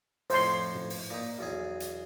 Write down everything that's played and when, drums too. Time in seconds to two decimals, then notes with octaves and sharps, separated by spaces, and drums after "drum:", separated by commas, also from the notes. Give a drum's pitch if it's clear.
0.30 F2 A2 C5 C#5 C6, drum: open hi-hat
0.75 drum: tom
0.90 drum: open hi-hat
1.10 A#2 D#4
1.39 B1 E2 G#4
1.80 drum: hi-hat